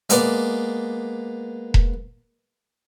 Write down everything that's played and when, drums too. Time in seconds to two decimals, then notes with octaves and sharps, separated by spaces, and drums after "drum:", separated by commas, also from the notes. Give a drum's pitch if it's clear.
0.10 G#3 A#3 B3 B4 D5, drum: hi-hat
1.74 drum: kick E1